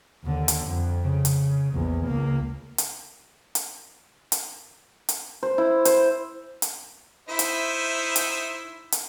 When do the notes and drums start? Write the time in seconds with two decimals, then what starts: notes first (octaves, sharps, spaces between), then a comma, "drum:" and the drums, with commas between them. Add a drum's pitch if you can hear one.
0.24 D#2 D3
0.48 drum: hi-hat
0.66 F2
1.04 C#3
1.25 drum: hi-hat
1.73 A#1 E2
2.07 C#2 A#3
2.78 drum: hi-hat
3.55 drum: hi-hat
4.32 drum: hi-hat
5.09 drum: hi-hat
5.43 C5
5.58 E4
5.85 C5, drum: hi-hat
6.62 drum: hi-hat
7.29 D#4 E4 C5 E5
7.39 drum: hi-hat
8.16 drum: hi-hat
8.92 drum: hi-hat